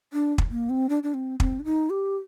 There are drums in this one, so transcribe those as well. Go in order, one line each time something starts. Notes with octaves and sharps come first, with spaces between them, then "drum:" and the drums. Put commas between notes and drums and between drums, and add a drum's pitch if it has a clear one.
D4
drum: kick
A#3
C4
D4
D4
C4
C4, drum: kick
D4
D#4
G4